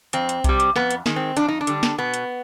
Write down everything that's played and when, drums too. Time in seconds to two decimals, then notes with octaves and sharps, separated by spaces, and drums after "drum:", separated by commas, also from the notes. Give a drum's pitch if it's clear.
0.13 F2 C4, drum: hi-hat
0.29 drum: hi-hat
0.44 C3 G3, drum: kick B1, hi-hat
0.60 drum: hi-hat
0.76 F2 B3, drum: snare
0.91 drum: hi-hat
1.06 D#3 G#3, drum: snare
1.16 C4
1.37 F2 D4, drum: hi-hat
1.48 D#4
1.61 D4
1.67 D3 G3, drum: hi-hat
1.83 drum: snare
1.98 B2 B3
2.14 drum: hi-hat